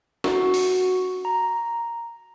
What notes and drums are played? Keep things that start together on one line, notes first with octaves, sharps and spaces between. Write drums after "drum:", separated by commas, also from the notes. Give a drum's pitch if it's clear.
F#4, drum: snare
drum: open hi-hat
A#5